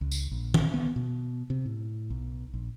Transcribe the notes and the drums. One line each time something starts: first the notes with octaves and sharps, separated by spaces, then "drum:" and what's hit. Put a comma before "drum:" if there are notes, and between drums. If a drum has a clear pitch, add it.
C#2
drum: tambourine
A#1
drum: tom D#3
B3
B2
C3
A2
B1
A#1